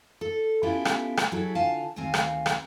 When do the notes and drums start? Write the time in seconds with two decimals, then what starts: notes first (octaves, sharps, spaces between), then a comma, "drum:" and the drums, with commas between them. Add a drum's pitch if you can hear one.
0.21 A4
0.63 B3 C#4 E4 F4 G4 A4
0.85 drum: rim click
1.17 drum: rim click
1.32 F#3 G3 E4 G#4 A4
1.55 D3 F4 F5 G#5 A5
1.96 D2 D#3 C4 F5 G#5
2.14 drum: rim click
2.46 drum: rim click